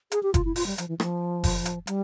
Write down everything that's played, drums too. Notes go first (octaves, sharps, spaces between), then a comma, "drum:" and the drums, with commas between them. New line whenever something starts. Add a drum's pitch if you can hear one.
G#4, drum: hi-hat
G4
F4, drum: kick F#1, hi-hat
E4
F4, drum: open hi-hat
G3
F3, drum: hi-hat
E3
F3, drum: rim click
drum: kick F#1, open hi-hat
drum: hi-hat
G3, drum: hi-hat